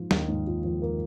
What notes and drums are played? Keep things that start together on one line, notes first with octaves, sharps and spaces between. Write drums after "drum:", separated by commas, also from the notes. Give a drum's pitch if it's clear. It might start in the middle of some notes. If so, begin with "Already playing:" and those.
Already playing: G#2 F3 F4
D#2 D#3 A#3, drum: snare
G#2
F4
F3
A#3